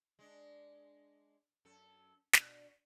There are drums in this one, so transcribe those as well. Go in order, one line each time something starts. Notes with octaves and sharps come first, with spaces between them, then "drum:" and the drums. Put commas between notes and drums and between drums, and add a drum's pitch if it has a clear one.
G#3 D4
F#2 A4
B2 D4, drum: snare